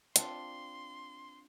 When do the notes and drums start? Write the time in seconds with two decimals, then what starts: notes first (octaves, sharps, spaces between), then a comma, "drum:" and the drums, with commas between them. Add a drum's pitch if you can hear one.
0.16 C4 D4 F4 C6, drum: hi-hat